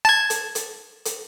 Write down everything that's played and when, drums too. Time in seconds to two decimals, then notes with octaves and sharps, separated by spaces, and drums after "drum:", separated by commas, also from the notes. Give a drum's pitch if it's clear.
0.05 A5 G#6
0.30 drum: hi-hat
0.55 drum: hi-hat
1.05 drum: hi-hat